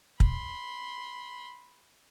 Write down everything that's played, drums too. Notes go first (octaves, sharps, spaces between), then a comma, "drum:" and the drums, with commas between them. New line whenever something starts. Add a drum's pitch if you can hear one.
B5 C6, drum: kick